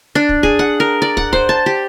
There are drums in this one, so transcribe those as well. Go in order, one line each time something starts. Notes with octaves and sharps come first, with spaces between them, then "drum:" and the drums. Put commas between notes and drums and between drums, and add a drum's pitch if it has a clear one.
D4
drum: kick
G#4, drum: kick
F#5
A#4
D5
F#5, drum: kick
C5, drum: kick
A5
G4